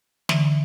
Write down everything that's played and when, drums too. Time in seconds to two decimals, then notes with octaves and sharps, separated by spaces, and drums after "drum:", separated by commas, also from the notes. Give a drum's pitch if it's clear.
0.29 D3 E3, drum: snare